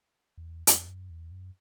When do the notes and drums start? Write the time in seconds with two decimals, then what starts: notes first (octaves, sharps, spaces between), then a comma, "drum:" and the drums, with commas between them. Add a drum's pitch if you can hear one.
0.38 E2
0.67 F2, drum: hi-hat
0.88 F#2
1.10 E2
1.31 F#2